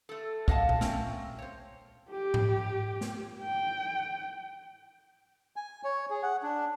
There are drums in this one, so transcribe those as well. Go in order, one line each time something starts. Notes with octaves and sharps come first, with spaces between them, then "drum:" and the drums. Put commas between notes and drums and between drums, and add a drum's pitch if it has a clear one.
A3 A4
A#3 D#5 F5 F#5 A5, drum: kick
drum: tom A#2
A3 C4 C#4, drum: snare A3
C5 C#5
G4
drum: tom G#2
drum: snare A3
G5
G#5
C#5
G#4
F#5
D4